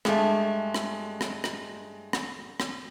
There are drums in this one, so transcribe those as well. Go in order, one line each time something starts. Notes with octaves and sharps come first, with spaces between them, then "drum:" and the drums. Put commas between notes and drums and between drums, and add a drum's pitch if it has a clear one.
G2 G#3 A3, drum: rim click
drum: rim click
drum: rim click
drum: rim click
drum: rim click
drum: rim click